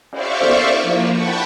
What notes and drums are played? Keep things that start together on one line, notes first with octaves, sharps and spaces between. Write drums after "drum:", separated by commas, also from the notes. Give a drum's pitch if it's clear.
C5 D5 E5 F5 C#6, drum: cymbal
drum: cymbal
F3 A#3 E4
F#5 G5 A5 B5 C#6